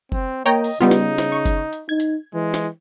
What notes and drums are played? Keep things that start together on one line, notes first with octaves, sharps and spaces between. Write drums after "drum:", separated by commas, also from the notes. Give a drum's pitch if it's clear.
C4, drum: kick F#1
A#3 C#5 D#5 G5 A#5
drum: open hi-hat
C#3 G3 B3 D#4 F4
drum: snare
drum: snare
C#6
drum: kick F#1, hi-hat
drum: hi-hat
D#4 G#6
drum: hi-hat
E3 G#3
drum: snare